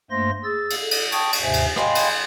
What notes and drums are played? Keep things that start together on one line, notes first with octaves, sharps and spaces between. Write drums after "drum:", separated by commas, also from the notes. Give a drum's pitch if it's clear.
G2 A3 A#3 C5 C6 A#6
G#4 E6 A6
drum: cymbal
A4
drum: cymbal
G5 A5 C#6 D#6, drum: cymbal
drum: cymbal
D#2 G#2 C3 C5 E5 G#5
drum: cymbal
D#5 F5 G5 G#5 B5 C6, drum: rim click
drum: cymbal